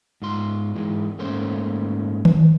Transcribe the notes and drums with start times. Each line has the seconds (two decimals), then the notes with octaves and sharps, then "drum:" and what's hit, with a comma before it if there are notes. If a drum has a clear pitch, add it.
0.22 G#2 F4 C6
0.75 G#2 E3 G#3
1.19 G#2 A3 A#3 C#4 C5
2.25 drum: tom D#3